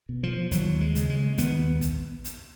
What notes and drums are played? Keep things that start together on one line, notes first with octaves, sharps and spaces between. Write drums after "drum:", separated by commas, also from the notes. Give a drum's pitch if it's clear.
B2
F3
D#2 F#3, drum: hi-hat
G#3
C#3, drum: hi-hat
G#3
D#2 B3, drum: hi-hat
drum: kick, hi-hat
drum: hi-hat